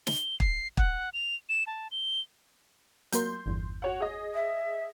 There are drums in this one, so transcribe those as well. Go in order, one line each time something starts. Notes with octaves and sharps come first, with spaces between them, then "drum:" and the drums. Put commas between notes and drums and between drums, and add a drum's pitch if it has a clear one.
G7, drum: snare
C7, drum: kick
F#5, drum: kick
F7
E7
A5
G7
F#3 A#3 A#4 C6 G6, drum: hi-hat
G1 E2
F#4 C#5 F#5
G#4 D#5
E5